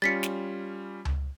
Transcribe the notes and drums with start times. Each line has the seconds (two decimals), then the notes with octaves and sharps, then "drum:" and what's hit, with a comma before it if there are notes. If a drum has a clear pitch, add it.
0.02 G3 C#4 F4 A6 B6 C#7
0.23 drum: snare
1.05 drum: tom C#2